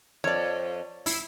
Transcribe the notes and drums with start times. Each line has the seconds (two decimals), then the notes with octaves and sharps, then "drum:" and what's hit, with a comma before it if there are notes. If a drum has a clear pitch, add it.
0.24 F2 C#5 D5
1.06 E4, drum: open hi-hat